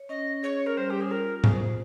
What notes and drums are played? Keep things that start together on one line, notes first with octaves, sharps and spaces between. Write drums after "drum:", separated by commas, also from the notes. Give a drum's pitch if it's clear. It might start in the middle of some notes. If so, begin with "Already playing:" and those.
Already playing: C#5
C#4 D#5
G#4 C#5
A#4
G3 C5
G4
G#4
F4 A#4
G#4 C5, drum: tom A2